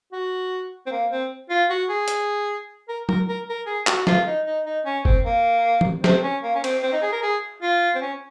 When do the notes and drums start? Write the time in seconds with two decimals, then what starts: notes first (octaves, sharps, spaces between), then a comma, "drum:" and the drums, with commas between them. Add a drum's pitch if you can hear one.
0.13 F#4
0.87 C4
0.92 A#3
1.11 C4
1.50 F4
1.70 F#4
1.90 G#4
2.08 drum: hi-hat
2.89 A#4
3.09 A#4, drum: tom F#3
3.29 A#4
3.50 A#4
3.67 G#4
3.87 F#4, drum: clap
3.98 F#4
4.07 F4, drum: snare
4.26 D#4
4.46 D#4
4.66 D#4
4.86 C#4
5.05 C4, drum: kick G1
5.25 A#3
5.81 drum: tom E3
6.04 C4, drum: snare
6.24 C#4
6.43 A#3
6.55 C#4
6.64 C4, drum: cymbal
6.83 C4
6.93 D#4
7.02 G#4
7.13 A#4
7.23 G#4
7.62 F4
7.95 C4
8.01 C#4